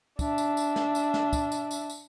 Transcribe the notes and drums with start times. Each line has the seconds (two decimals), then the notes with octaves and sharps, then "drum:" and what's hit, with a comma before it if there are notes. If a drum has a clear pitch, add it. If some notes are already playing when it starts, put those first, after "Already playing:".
0.19 D4 E5, drum: kick, tambourine
0.38 drum: tambourine
0.57 drum: tambourine
0.76 drum: snare
0.95 drum: tambourine
1.14 drum: snare
1.33 drum: kick, tambourine
1.52 drum: tambourine
1.71 drum: tambourine
1.90 drum: tambourine